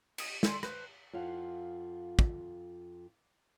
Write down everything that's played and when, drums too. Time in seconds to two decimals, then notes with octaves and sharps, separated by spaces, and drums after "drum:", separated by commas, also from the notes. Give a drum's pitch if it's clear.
0.18 C#5 D#5 D#6, drum: cymbal
0.43 A4 D5 G#5 C6, drum: snare
0.63 B4 C5, drum: rim click
1.13 F2 F4 F5 F#5
2.19 drum: kick